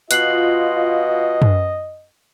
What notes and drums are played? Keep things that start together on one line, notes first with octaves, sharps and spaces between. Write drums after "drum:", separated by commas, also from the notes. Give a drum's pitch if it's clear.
B2 F4 D#5 F#6 C7 F#7, drum: hi-hat
drum: tom F#2